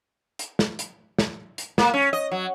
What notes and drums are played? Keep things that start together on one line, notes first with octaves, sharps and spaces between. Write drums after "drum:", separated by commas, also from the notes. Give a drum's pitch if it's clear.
drum: hi-hat
drum: snare
drum: hi-hat
drum: snare
drum: hi-hat
A#3, drum: snare
C#4
D#5
F#3